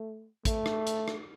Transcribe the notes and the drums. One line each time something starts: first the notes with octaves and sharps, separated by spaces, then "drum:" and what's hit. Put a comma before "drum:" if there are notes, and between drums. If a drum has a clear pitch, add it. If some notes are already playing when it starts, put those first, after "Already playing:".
Already playing: A3
A3, drum: kick, hi-hat
drum: rim click
drum: hi-hat
drum: rim click